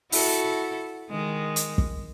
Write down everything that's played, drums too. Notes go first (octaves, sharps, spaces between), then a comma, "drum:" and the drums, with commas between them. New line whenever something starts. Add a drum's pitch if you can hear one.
E4 F#4 A4, drum: open hi-hat
D#3 G#3
drum: hi-hat
drum: kick